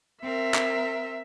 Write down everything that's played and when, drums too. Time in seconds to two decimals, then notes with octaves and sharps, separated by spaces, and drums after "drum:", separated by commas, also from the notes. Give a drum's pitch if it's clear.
0.24 C4 A#4 E5
0.54 drum: clap